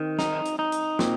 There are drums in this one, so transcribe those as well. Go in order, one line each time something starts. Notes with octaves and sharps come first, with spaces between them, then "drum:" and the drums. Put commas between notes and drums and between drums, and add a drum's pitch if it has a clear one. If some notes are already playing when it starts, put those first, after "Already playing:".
Already playing: D#3 C4
D#4, drum: snare
drum: hi-hat
D#4
drum: hi-hat
A#2 C4, drum: snare